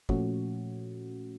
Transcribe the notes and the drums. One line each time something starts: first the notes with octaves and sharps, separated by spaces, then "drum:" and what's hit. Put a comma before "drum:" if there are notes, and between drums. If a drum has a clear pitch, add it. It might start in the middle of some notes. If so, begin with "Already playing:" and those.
A#2 F3 A3 C#4 F#4, drum: kick